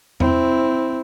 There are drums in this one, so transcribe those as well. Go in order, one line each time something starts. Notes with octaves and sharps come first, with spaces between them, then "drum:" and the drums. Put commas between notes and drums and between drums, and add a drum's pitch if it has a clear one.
C4 E4, drum: tom E2